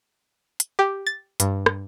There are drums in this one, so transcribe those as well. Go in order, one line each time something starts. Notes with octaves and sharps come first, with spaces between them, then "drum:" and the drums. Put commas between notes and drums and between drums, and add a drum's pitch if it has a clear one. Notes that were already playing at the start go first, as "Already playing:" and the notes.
drum: hi-hat
G4
A6
G2, drum: hi-hat
drum: rim click